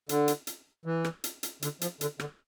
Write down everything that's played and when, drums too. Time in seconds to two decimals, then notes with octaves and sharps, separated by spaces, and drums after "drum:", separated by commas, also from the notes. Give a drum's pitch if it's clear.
0.09 D3, drum: hi-hat
0.28 drum: hi-hat
0.47 drum: hi-hat
0.86 E3
1.04 drum: rim click
1.24 drum: hi-hat
1.43 drum: hi-hat
1.62 D3, drum: hi-hat
1.81 F3, drum: hi-hat
2.01 D3, drum: hi-hat
2.20 D3, drum: rim click